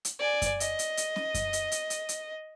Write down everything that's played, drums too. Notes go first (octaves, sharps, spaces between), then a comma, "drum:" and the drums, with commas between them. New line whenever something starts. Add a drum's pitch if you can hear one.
drum: hi-hat
D5 G#5
drum: kick F#2, hi-hat
D#5, drum: hi-hat
drum: hi-hat
drum: hi-hat
drum: snare C#4
drum: kick F#2, hi-hat
drum: hi-hat
drum: hi-hat
drum: hi-hat
drum: hi-hat